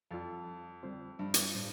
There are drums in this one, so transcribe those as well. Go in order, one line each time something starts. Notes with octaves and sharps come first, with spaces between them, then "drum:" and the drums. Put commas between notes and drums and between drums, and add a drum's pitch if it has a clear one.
F2 G3 F4 A4 F5
D3 G3 C4 F4 C5
G2
drum: hi-hat
A2 G3 F4 C5 F5